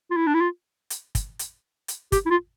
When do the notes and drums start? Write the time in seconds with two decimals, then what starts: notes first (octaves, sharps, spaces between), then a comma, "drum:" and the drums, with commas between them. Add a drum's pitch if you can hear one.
0.11 F4
0.16 E4
0.27 D4
0.34 E4
0.41 F4
0.90 drum: hi-hat
1.15 drum: kick, hi-hat
1.39 drum: hi-hat
1.88 drum: hi-hat
2.12 G4, drum: kick, hi-hat
2.26 E4
2.30 F4